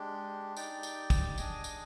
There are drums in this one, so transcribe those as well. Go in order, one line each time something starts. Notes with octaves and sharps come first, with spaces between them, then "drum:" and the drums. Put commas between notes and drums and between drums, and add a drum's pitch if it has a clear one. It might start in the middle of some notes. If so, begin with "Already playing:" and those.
Already playing: G#3 D4 G4
D#4 G4 D5 G5, drum: tambourine
drum: tambourine
drum: kick, tambourine
D4 G#4 D#5 G#5, drum: tambourine
drum: tambourine